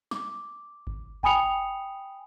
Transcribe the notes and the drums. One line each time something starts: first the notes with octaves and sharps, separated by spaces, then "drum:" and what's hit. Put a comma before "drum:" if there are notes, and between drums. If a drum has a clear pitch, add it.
D6, drum: snare
drum: kick G1
G5 G#5 B5 D#6 C#7 F7, drum: kick G1